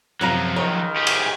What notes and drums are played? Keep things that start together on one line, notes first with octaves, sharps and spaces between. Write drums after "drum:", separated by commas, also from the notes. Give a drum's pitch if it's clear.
F#2 C3 F3 F#3 G#3 F4 A#5
C#2 D#3 A#4 C#5
G4 G#4
drum: cymbal